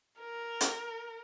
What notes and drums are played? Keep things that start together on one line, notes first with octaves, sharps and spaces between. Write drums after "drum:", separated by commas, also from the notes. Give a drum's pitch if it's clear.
A#4
drum: hi-hat